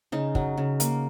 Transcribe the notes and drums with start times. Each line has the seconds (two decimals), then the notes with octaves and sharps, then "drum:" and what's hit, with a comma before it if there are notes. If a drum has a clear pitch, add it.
0.12 C#3 D#4
0.35 F#3, drum: kick
0.58 C#3
0.80 A#3, drum: hi-hat